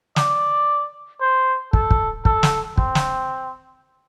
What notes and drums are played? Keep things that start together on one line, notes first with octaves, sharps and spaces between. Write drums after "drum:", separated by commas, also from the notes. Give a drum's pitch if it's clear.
D5, drum: snare
C5
A4, drum: kick
drum: kick
A4, drum: kick
drum: snare
C4, drum: kick
drum: snare